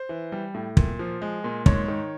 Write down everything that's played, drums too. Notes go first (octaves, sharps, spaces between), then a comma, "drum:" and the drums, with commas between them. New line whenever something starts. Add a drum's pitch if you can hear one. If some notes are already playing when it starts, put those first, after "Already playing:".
Already playing: C5
E3
G3
A2
A#2, drum: kick
F3
G#3
A#2
G#2 C#5, drum: kick
D#3